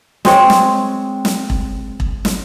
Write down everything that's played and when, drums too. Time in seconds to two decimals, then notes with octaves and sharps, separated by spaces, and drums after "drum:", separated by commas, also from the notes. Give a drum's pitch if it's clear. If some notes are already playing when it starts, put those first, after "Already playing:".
0.25 G#3 C4 C#5, drum: snare
0.50 drum: snare
1.25 drum: snare
1.50 drum: kick E1
2.00 drum: kick E1
2.25 drum: snare